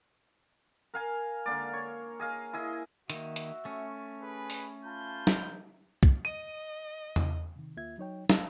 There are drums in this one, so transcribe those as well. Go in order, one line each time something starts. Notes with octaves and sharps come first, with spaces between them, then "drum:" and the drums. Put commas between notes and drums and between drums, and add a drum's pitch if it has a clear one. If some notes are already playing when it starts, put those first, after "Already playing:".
A#4 F5 G#5
D3 A#3 D5
C#5
G#4 D#5 F5
E4 G#4 D#5
D#3 A#3 F#4 E5, drum: hi-hat
drum: hi-hat
A3 C#4
G#4 B4 G#5 B5
drum: open hi-hat
F4 A5 B5 G6
drum: snare
drum: kick
D#5 D#7
drum: tom E2
C3 D#3
D2 A#3 F4 E5 G#6
F#3 D#4 C#5 G5
F5 A5 E6, drum: snare